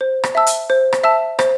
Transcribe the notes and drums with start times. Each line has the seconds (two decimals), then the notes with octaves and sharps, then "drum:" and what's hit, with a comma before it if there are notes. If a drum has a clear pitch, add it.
0.01 C5
0.24 drum: rim click
0.35 E5 A5 E6
0.47 drum: hi-hat
0.70 C5
0.93 drum: rim click
1.04 E5 A5 E6
1.39 C5, drum: rim click